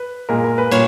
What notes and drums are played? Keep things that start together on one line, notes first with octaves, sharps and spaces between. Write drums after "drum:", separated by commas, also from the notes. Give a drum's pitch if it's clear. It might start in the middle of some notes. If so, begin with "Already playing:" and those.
Already playing: B4
A#2 G#3 A#4
A#4
B4
A#2 C#5, drum: cymbal